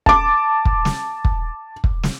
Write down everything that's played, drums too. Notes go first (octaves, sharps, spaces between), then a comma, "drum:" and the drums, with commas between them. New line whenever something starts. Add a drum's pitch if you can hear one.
A5 D6, drum: kick
drum: kick
drum: snare
drum: kick
drum: kick
drum: snare